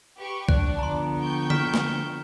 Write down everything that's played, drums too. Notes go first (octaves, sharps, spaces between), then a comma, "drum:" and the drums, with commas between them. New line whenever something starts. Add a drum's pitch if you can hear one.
G4 B4 C#6
D4 D5 F#6, drum: kick
D3 F3 B3 A#5 C6
G5 C#6 G6
F6 B6 E7, drum: tom D3
drum: snare